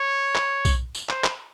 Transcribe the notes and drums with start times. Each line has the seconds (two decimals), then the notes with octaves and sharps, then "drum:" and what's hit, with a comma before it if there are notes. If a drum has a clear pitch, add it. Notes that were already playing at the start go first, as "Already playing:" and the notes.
Already playing: C#5
0.35 drum: clap
0.65 drum: kick B1, tambourine
0.95 drum: tambourine
1.09 C5, drum: clap
1.24 drum: clap